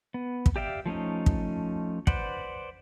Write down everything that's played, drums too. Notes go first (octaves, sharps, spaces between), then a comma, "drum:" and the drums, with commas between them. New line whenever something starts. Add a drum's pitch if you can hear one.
B3
drum: kick
G4 D5 E5 F5 G5
F3 A3 C#4 D#4
drum: kick
B4 C5 D5 F#5, drum: kick